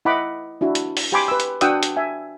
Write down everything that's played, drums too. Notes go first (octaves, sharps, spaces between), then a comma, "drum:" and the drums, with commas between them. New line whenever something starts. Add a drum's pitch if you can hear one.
E4 D#5 F#5 B5 D6
D4 E4 F#4
drum: hi-hat
drum: open hi-hat
G4 G5 G#5 B5 C6 D6
B4 E6
drum: hi-hat
D4 F#4 F#5 G5 D#6 E6, drum: hi-hat
drum: hi-hat
E5 G#5